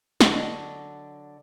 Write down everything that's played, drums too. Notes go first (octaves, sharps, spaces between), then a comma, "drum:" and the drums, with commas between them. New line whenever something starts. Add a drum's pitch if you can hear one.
D3 F#3 D4 D5 D#5, drum: snare